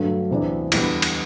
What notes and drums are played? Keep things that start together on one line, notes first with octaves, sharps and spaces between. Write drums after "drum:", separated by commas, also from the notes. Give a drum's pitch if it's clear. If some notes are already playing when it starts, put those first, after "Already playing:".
Already playing: G2 D3 F#3 A3
D2 C3 E3 B3 D4
E2 D3 G3 B3, drum: cymbal
drum: cymbal